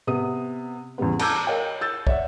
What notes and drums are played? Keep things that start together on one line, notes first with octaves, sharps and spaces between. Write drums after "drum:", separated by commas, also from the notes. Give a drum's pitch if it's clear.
C3 B3 D#6
E2 C#3 G3 B3
A5 A#5 D6 E6 G6 G#6, drum: cymbal
A#4 C#5 D#5 F5 G5
E6 G6 A6
C#5 D5 E5 F#5, drum: kick